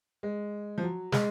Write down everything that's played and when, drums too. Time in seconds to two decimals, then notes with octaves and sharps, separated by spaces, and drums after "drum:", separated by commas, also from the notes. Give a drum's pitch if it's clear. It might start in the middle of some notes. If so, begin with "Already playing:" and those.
0.23 G#3
0.78 F3
0.83 F#3
1.12 G#3, drum: snare